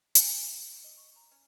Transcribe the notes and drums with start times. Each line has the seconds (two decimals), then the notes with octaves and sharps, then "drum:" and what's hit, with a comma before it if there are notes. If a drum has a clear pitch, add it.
0.15 G#5, drum: hi-hat
0.30 E4
0.42 A#3
0.70 A3
0.84 D#5
0.97 C#6
1.16 A#5
1.32 C#4